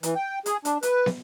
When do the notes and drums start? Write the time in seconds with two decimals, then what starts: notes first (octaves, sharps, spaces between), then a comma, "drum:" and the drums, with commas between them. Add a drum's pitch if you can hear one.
0.03 E3, drum: hi-hat
0.16 G5
0.46 G#4, drum: hi-hat
0.65 D4, drum: hi-hat
0.83 B4, drum: hi-hat
1.06 drum: snare